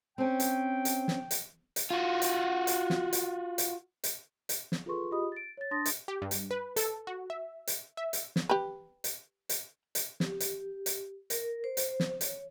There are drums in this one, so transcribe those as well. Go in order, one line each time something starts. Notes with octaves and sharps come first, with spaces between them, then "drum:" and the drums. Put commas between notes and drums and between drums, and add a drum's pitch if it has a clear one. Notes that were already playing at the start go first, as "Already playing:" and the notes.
C4 C#4 G5
drum: hi-hat
drum: hi-hat
drum: snare
drum: hi-hat
drum: hi-hat
F4 F#4
drum: hi-hat
drum: hi-hat
drum: snare
drum: hi-hat
drum: hi-hat
drum: hi-hat
drum: hi-hat
drum: snare
F4 G#4 A4 B4 C6 C#6
F4 G4 G#4 D#5 B5 D#6
A6 D7
C#5 A6
D4 A5 C6 D#6 A6 A#6
drum: hi-hat
G4
G2
drum: hi-hat
B4
A4, drum: hi-hat
F#4
E5
drum: hi-hat
E5
drum: hi-hat
drum: snare
G4 B4
drum: hi-hat
drum: hi-hat
drum: hi-hat
G4, drum: snare
drum: hi-hat
drum: hi-hat
A#4, drum: hi-hat
C5
drum: hi-hat
drum: snare
C#5, drum: hi-hat